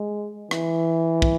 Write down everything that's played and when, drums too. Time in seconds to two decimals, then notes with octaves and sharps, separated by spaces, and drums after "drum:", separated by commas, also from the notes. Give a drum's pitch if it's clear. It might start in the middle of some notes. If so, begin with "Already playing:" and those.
Already playing: G#3
0.51 E3, drum: rim click
1.22 drum: kick